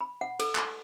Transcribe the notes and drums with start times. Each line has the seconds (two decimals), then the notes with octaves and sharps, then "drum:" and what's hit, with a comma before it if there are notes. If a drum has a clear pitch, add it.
0.01 B5
0.21 F#5
0.40 A4, drum: cymbal
0.55 drum: clap